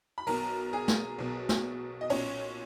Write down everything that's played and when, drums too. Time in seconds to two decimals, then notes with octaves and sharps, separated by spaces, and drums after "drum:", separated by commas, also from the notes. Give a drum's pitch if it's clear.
0.18 B5
0.27 B1 B2 A#4 A#5, drum: open hi-hat
0.73 G#4 G#5
0.88 drum: snare
1.18 B1 B2
1.49 drum: snare
2.01 D#5
2.10 B1 A#2 C#4 C#5, drum: open hi-hat